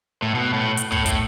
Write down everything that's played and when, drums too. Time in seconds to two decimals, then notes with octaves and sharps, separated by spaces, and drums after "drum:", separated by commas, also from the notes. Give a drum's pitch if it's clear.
0.22 A2
0.34 B2
0.53 A2
0.77 drum: hi-hat
0.92 A2, drum: kick
1.06 A2, drum: kick, hi-hat